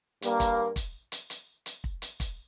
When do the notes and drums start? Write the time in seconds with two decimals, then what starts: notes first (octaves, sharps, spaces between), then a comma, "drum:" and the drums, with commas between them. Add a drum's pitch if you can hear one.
0.22 G2 G3 A#3, drum: hi-hat
0.40 drum: kick, hi-hat
0.76 drum: kick, hi-hat
1.12 drum: hi-hat
1.30 drum: hi-hat
1.66 drum: hi-hat
1.84 drum: kick
2.02 drum: hi-hat
2.20 drum: kick, hi-hat